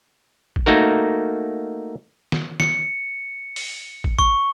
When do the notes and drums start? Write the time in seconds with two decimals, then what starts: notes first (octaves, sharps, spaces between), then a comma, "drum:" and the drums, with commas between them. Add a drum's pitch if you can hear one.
0.56 drum: kick
0.66 A3 A#3 D#4 F#4 A#4
2.32 drum: snare
2.60 C#7, drum: snare
3.56 drum: open hi-hat
4.04 drum: kick
4.19 C#6, drum: kick